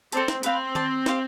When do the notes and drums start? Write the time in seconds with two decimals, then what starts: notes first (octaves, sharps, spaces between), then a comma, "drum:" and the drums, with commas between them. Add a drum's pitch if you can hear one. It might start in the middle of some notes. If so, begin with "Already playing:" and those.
0.12 C4 A4 D5 A5, drum: hi-hat
0.28 drum: snare
0.43 C4 B4 F5 B5, drum: hi-hat
0.75 D5 A5 C6, drum: tom D#3
1.06 G4 C5 F5 C6, drum: snare